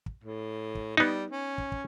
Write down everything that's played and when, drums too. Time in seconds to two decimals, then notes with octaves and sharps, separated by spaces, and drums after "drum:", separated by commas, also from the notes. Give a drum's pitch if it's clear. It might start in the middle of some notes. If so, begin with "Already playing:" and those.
0.06 drum: kick
0.24 A2
0.75 drum: kick
0.97 G3 B3 D#4
1.30 C#4
1.58 drum: kick
1.72 drum: kick